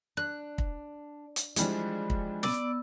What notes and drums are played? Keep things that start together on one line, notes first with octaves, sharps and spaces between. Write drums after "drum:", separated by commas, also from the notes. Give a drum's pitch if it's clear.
D4 F#6
drum: kick
drum: hi-hat
E3 F3 G3 G#3 D4, drum: hi-hat
drum: kick
B3 D5 E6, drum: snare